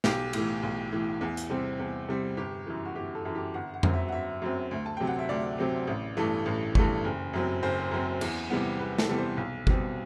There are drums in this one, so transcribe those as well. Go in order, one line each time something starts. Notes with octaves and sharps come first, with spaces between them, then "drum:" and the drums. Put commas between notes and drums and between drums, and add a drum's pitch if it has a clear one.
B1 G4, drum: snare
A2 E3, drum: cymbal
B1
A2 E3
E2
drum: hi-hat
C3 G3 C4
E2
C3 G3 C4
G1 G4
F#2 E3
F#4
G1 G4
A4
F#2 E3 A4
G4
G1 F#5
F#5
F#2 F#3 C4, drum: tom F2
E5
F#5
G1 E5
F#2 F#3 C4
D2
A5
C3 F#3 C4 G5
F#5
E5
D2 D5
C3 F#3 C4
A1
G2 E3 A3
A1
G2 E3 A3, drum: kick G1
F#1
F#2 F#3 C4
F#1 C5
F#2 F#3 C4
E2, drum: cymbal
C3 E3 G3 B3
E2 B4
A4, drum: snare
C3 E3 G3 B3
C5
B1
B2 G3 C4, drum: kick G1